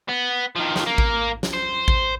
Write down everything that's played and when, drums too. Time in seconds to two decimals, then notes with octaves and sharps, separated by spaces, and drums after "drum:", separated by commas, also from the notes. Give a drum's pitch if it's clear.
0.09 B3
0.56 D#3 F3
0.76 drum: snare
0.86 A#3
0.98 drum: kick A1
1.43 drum: snare
1.53 C5
1.88 drum: kick A1